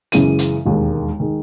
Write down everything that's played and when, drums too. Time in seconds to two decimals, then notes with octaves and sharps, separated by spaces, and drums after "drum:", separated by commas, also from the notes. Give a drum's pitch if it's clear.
0.12 F#2 C#3 E3 G#3 D#7, drum: hi-hat
0.39 drum: hi-hat
0.66 E1 D#2 D#3 G#3
1.20 D#3 G#3